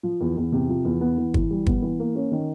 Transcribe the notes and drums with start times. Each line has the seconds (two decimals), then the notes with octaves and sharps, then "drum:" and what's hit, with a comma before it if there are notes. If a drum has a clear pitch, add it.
0.03 F3
0.21 E2
0.37 E2
0.52 C3
0.69 F3
0.85 E2
1.01 B3
1.18 E3
1.34 E3, drum: kick
1.50 G3
1.66 B3, drum: kick
1.82 E3
2.00 A#3
2.15 C#4
2.32 D#3